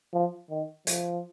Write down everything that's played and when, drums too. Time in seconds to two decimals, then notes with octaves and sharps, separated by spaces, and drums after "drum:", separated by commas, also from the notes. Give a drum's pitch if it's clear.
0.13 F3
0.50 D#3
0.87 F3, drum: hi-hat